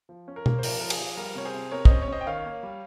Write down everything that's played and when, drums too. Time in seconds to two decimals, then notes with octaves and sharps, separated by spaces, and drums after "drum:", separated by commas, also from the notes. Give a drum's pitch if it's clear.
0.09 F3
0.28 C#4
0.36 A#4
0.46 A#3, drum: tom B2
0.59 C5
0.63 F3 A#4, drum: open hi-hat
0.80 F3 A#4
0.90 G#4, drum: cymbal
0.99 F3
1.17 G3 A#4
1.35 C3 C#5
1.45 G#4 C5
1.54 C3
1.71 C3 A#4 C#5
1.85 C#4 C5 D#5, drum: kick
2.02 C#5
2.08 C#4 C5 D#5
2.21 G5
2.26 D#3 C#5 F5
2.45 A#3
2.63 G3